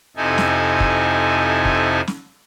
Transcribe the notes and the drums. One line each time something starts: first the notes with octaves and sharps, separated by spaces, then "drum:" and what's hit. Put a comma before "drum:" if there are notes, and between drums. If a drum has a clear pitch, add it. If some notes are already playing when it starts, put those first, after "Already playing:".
F2 C3 D#4 E4 A4 G#5
drum: snare
drum: kick
drum: kick
drum: snare